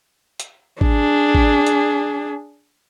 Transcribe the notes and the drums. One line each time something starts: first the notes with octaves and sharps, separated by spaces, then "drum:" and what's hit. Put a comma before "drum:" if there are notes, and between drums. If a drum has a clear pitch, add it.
drum: hi-hat
D4 G#4, drum: kick
drum: kick
drum: hi-hat